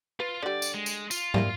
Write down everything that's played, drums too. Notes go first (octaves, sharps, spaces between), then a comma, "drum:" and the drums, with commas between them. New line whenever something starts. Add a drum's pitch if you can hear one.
F4 B4
D3 G3 D5
drum: tambourine
G#3
drum: tambourine
F4, drum: tambourine
G3 A#3 E4, drum: tom